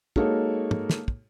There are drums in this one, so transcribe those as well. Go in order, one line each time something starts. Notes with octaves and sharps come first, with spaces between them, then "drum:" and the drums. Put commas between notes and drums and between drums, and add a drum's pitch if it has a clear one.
G#3 A#3 D#4 F#4 A4 C#5, drum: kick
drum: tom
drum: snare
drum: kick